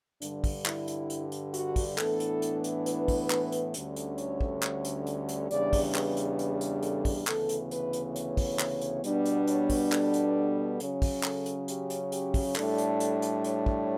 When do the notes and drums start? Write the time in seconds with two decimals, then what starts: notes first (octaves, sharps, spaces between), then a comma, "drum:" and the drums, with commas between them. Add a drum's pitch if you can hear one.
0.22 G2 D3 G3 D4, drum: hi-hat
0.44 drum: kick, open hi-hat
0.66 E4, drum: clap
0.88 drum: hi-hat
1.10 drum: hi-hat
1.32 drum: hi-hat
1.54 F#4, drum: hi-hat
1.76 drum: kick, open hi-hat
1.98 A2 E3 B3 D4 A4, drum: clap
2.20 drum: hi-hat
2.42 drum: hi-hat
2.64 drum: hi-hat
2.86 B4, drum: hi-hat
3.08 drum: kick, open hi-hat
3.30 drum: clap
3.52 drum: hi-hat
3.74 D2 D3 G3 C#4, drum: hi-hat
3.96 drum: hi-hat
4.18 C#5, drum: hi-hat
4.41 drum: kick
4.63 drum: clap
4.85 drum: hi-hat
5.07 drum: hi-hat
5.29 drum: hi-hat
5.51 E2 C#3 G3 D4 D5, drum: hi-hat
5.73 drum: kick, open hi-hat
5.95 B4, drum: clap
6.17 drum: hi-hat
6.39 drum: hi-hat
6.61 drum: hi-hat
6.83 A4, drum: hi-hat
7.05 drum: kick, open hi-hat
7.27 D2 C#3 E3 B3 A4, drum: clap
7.49 drum: hi-hat
7.71 B4, drum: hi-hat
7.93 drum: hi-hat
8.16 C#5, drum: hi-hat
8.37 drum: kick, open hi-hat
8.59 drum: clap
8.81 drum: hi-hat
9.04 B2 G3 B3 D4, drum: hi-hat
9.26 drum: hi-hat
9.47 C#5, drum: hi-hat
9.70 drum: kick, open hi-hat
9.92 A4, drum: clap
10.14 drum: hi-hat
10.80 C#3 F#3 C#4, drum: hi-hat
11.02 drum: kick, open hi-hat
11.23 A4, drum: clap
11.46 drum: hi-hat
11.68 G4, drum: hi-hat
11.90 drum: hi-hat
12.12 G4, drum: hi-hat
12.34 drum: kick, open hi-hat
12.56 A2 G3 D4 A4, drum: clap
12.78 drum: hi-hat
13.00 drum: hi-hat
13.22 drum: hi-hat
13.44 C#5, drum: hi-hat
13.66 drum: kick